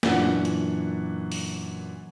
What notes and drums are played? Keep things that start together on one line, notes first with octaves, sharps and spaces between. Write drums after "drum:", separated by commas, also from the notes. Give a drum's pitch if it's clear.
F#2 A#2 E3 D4 F#5, drum: snare
drum: hi-hat
drum: open hi-hat